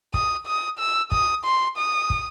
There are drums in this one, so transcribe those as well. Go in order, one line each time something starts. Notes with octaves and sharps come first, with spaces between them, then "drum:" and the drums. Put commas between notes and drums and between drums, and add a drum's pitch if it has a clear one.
D#6, drum: kick
D#6
E6
D#6, drum: kick
C6
D#6
drum: kick